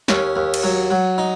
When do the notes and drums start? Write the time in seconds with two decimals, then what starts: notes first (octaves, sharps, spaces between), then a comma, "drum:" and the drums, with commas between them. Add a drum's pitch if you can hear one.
0.08 D#2 C#4, drum: snare
0.36 D#2
0.54 drum: cymbal
0.63 F#3
0.91 F#3
1.18 D#4